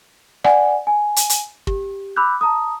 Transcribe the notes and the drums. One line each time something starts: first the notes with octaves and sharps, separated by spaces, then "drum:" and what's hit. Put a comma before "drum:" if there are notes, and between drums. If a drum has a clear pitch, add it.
D5 F#5 G#5, drum: rim click
G#5
drum: hi-hat
drum: hi-hat
G4, drum: kick
B5 D6 E6 F#6 G6
A5 A#5 D#6